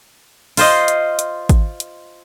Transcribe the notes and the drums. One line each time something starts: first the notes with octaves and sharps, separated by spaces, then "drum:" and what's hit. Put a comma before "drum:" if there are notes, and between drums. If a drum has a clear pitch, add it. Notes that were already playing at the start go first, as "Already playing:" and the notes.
F4 C5 D#5, drum: open hi-hat
drum: hi-hat
drum: hi-hat
drum: kick G#1, hi-hat
drum: hi-hat